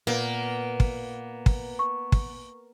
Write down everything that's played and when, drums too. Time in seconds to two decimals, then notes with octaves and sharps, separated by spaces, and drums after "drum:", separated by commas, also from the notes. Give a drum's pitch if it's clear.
0.07 A#2 A#3 B3
0.80 drum: kick
1.46 drum: kick
1.79 C#6
2.12 drum: kick